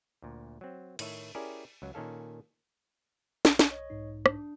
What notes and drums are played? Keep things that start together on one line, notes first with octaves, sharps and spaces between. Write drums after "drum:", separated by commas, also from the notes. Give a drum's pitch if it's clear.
D2 A#2
F#3 C4
A2 D#3 C#5 E5, drum: cymbal
C#4 E4 G4 G#4 A#4 D5
C#2 F#3
A#2 D#3 C#4 A4 F5
B1, drum: snare
drum: snare
C#5 D#5
B1 G#2 D#4
D4, drum: rim click